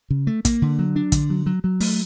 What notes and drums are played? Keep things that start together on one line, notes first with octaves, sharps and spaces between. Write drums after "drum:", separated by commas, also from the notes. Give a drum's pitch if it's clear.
C#3
A3
A#3, drum: kick, hi-hat
D3
F#3
D4
D3, drum: kick, hi-hat
F#3
F#3
F#3
A3, drum: open hi-hat